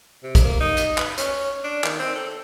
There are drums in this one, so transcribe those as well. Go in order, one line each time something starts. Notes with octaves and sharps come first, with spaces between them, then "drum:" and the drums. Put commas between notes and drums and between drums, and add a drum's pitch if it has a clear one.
C3
drum: kick, hi-hat
A#3
D#4
drum: hi-hat
B4, drum: clap
C#4, drum: hi-hat
D4
D#3, drum: clap
C4
A4